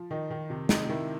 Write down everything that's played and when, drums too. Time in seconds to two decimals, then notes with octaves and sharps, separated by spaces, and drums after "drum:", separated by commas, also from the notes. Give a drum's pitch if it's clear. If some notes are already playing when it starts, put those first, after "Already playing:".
Already playing: F3
0.11 D#3 D#4
0.30 D#3
0.50 C3
0.69 C3 D#4, drum: snare
0.89 D#3 E4